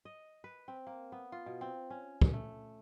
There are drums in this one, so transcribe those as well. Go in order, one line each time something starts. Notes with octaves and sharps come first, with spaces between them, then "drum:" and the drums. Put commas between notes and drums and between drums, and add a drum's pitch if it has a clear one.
D#5
B4
C4
A#3
B3
F4
B2
C4
C#4
drum: kick
A3